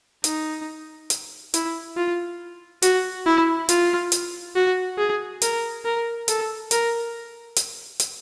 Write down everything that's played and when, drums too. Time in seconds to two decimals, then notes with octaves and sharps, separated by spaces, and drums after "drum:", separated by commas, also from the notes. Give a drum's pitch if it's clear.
0.24 D#4, drum: hi-hat
1.10 drum: hi-hat
1.54 E4, drum: hi-hat
1.97 F4
2.83 F#4, drum: hi-hat
3.26 E4
3.69 F4, drum: hi-hat
4.12 drum: hi-hat
4.55 F#4
4.98 G#4
5.42 A#4, drum: hi-hat
5.85 A#4
6.28 A4, drum: hi-hat
6.71 A#4, drum: hi-hat
7.57 drum: hi-hat
8.00 drum: hi-hat